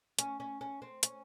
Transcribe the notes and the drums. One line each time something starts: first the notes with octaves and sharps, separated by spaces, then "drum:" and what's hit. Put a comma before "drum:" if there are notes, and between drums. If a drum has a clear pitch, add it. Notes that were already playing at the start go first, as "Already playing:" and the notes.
C#4, drum: hi-hat
C#4
C#4
C4
C#4, drum: hi-hat